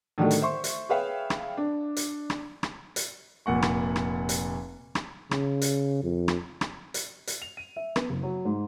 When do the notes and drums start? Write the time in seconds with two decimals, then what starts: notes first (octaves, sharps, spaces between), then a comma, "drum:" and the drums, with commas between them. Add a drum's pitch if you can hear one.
0.18 A2 D3 D#3 F#3 G3 A3
0.31 drum: hi-hat
0.41 C5 E5 C6 C#6
0.64 drum: hi-hat
0.89 G#4 B4 C#5 E5 F5 G5
1.30 drum: rim click
1.57 D4
1.97 drum: hi-hat
2.30 drum: rim click
2.63 drum: rim click
2.96 drum: hi-hat
3.46 F1 A#2 F#5 C#6
3.62 drum: rim click
3.96 drum: rim click
4.29 drum: hi-hat
4.95 drum: rim click
5.31 C#3, drum: rim click
5.62 drum: hi-hat
6.03 F2
6.28 drum: rim click
6.61 drum: rim click
6.94 drum: hi-hat
7.27 drum: hi-hat
7.42 F7
7.57 D#7
7.76 E5
7.96 B3, drum: rim click
8.10 F#1
8.23 F#3
8.45 G#2